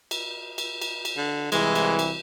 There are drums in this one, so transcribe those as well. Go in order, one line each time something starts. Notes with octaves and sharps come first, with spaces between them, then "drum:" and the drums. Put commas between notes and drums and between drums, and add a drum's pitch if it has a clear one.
drum: cymbal
drum: cymbal
drum: cymbal
drum: cymbal
D3
C2 E3 G#3, drum: cymbal
drum: cymbal
drum: cymbal